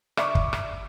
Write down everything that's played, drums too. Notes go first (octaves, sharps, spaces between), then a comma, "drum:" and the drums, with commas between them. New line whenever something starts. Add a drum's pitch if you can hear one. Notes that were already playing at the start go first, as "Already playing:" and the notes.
D5 E5 C#6 D6, drum: rim click
drum: kick
drum: rim click